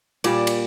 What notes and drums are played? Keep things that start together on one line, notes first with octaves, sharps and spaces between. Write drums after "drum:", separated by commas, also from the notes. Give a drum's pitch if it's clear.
A#2 G3 D5, drum: cymbal
drum: cymbal